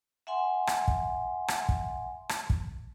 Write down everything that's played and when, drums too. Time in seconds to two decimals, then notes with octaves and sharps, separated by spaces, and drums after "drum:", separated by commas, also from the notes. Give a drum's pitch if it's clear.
0.27 E5 F#5 G#5 C6
0.67 drum: rim click
0.88 drum: kick
1.48 drum: rim click
1.69 drum: kick
2.29 drum: rim click
2.50 drum: kick